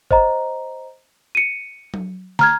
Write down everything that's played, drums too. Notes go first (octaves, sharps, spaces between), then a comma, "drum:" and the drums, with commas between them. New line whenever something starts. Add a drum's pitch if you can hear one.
C5 D#5 A#5, drum: kick
C#7 D#7
drum: tom F#3
A#5 F6 G#6, drum: snare